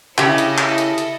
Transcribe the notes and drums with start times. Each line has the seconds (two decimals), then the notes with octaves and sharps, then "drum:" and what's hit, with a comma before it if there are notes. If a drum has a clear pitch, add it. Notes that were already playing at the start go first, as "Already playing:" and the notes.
0.18 C#3 E4 G4 A4 D#5, drum: clap
0.38 drum: hi-hat
0.58 drum: clap
0.78 drum: hi-hat
0.98 drum: hi-hat